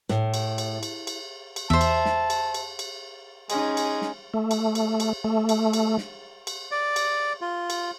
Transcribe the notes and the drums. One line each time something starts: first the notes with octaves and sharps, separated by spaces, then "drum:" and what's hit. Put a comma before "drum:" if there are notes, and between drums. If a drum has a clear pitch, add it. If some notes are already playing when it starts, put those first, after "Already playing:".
A2, drum: snare
drum: cymbal
drum: cymbal
drum: cymbal
drum: cymbal
drum: cymbal
E2 C5 E5 A5
drum: cymbal
drum: snare
drum: cymbal
drum: cymbal
drum: cymbal
G#3 C#4 D#4, drum: cymbal
drum: cymbal
drum: snare
A3
drum: cymbal
drum: cymbal
drum: cymbal
A3
drum: cymbal
drum: cymbal
drum: snare
drum: cymbal
D5
drum: cymbal
F4
drum: cymbal